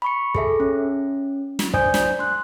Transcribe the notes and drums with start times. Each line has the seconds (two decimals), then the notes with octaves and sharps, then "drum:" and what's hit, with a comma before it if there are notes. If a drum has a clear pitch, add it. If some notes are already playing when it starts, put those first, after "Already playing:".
0.02 B5 C#6 C#7
0.35 G#4 A4 E5, drum: kick
0.60 C#4
1.59 drum: snare
1.74 C5 D5 G#5 D#6 G6, drum: kick
1.94 drum: snare
2.19 C6 F#6